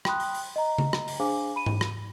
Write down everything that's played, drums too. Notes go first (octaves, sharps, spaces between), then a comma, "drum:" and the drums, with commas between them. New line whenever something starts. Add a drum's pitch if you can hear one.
G5 B5 C6 D#6 F#6, drum: rim click
drum: open hi-hat
drum: open hi-hat
D#5 A#5
drum: tom C#3
drum: rim click
drum: open hi-hat
D4 G#4 C5 F5 G#5 D6
B5 D#7
drum: tom G#2
drum: rim click